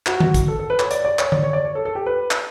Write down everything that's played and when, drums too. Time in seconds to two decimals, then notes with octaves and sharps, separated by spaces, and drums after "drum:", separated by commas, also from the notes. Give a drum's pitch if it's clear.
0.06 F#4, drum: clap
0.20 drum: tom D3
0.34 drum: kick, hi-hat
0.48 A4
0.59 A4
0.70 B4
0.79 C#5, drum: clap
0.91 D5, drum: hi-hat
1.05 D5
1.19 C#5, drum: clap
1.32 D5, drum: tom D3
1.43 C#5
1.53 D5
1.64 C#5
1.75 A4
1.85 A4
1.95 G4
2.06 B4
2.31 drum: clap